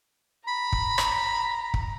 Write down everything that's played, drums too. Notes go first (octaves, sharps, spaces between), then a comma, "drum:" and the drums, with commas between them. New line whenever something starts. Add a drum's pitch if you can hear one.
A#5 B5
drum: kick
drum: rim click
drum: kick